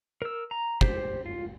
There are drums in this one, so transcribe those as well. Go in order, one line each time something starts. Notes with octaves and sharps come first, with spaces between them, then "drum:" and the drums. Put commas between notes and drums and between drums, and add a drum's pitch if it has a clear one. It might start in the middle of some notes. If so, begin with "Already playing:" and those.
A#4 E6
A#5
G4 C5, drum: kick
F4